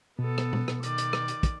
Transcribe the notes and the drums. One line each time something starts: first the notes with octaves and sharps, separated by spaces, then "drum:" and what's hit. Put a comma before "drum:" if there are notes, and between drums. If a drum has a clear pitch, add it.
B2 B3 A4
drum: rim click
drum: tom A#2
drum: rim click
D#3 D5, drum: hi-hat
drum: hi-hat
drum: rim click
drum: hi-hat
drum: kick, hi-hat